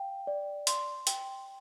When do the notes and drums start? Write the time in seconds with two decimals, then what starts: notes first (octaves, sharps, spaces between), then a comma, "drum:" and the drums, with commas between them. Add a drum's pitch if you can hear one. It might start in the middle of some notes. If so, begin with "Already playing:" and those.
Already playing: F5 G5
0.27 D5
0.67 C6, drum: hi-hat
1.07 G5, drum: hi-hat